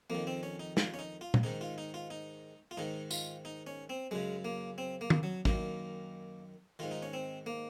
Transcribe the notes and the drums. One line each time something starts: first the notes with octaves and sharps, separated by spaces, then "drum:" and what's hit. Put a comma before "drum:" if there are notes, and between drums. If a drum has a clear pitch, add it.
F2 D#3 A#3
C4
C#4
D#4
F4, drum: snare
C#4
D#4
F4
drum: tom A#2
G#2 D#3 D#4
F4
D#4
F4
D#4
F4
G#2 D#3 D#4
F4, drum: tambourine
D#4
C#4
C4
F#2 C#3 G#3
A#3
C4
A#3
drum: tom
F#3
F#2 D#3 A#3, drum: kick
G#2 D#3 F4
D#4
C#4
C4
A#3